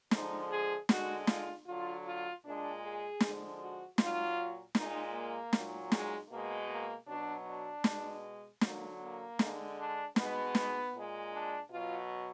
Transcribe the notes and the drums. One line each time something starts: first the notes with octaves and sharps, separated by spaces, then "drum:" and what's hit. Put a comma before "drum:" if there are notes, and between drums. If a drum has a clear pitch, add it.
D3 F3 G#3 D#4, drum: snare
G#4
D3 G#3 F#4, drum: snare
F4, drum: snare
D3 F#3 F4
F4
A#2 G#3 D4
G#4
D3 F3 G#3, drum: snare
F#4
A#2 F#3 F4, drum: snare
A#2 G#3 D#4, drum: snare
A#3
A#2 F#3, drum: snare
G#3, drum: snare
B2 G#3 A#3
A#3
B2 F#3 D4
D4
B2 G#3, drum: snare
F#3 A#3, drum: snare
D3
A#3
D3 G#3, drum: snare
D4
B2 G#3 B3, drum: snare
drum: snare
A#2 G#3
D4
B2 F#3 F4